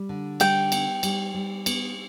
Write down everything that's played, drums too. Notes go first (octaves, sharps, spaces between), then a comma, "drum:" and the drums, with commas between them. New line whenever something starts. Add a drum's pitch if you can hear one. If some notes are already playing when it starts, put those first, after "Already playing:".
Already playing: G3
D3
G3 G5, drum: cymbal
B3, drum: cymbal
G3, drum: cymbal
G3
B3, drum: cymbal